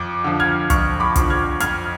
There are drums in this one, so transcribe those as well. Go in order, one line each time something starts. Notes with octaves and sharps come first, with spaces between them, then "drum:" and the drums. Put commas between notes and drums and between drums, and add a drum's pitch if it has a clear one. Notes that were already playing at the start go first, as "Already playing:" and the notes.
Already playing: F2 D6
D3 F3
F6 G#6
F2 C#6 F6, drum: kick, hi-hat
B5 D6
D3 F3, drum: kick, hi-hat
F6 G#6
F2 F6 G#6, drum: hi-hat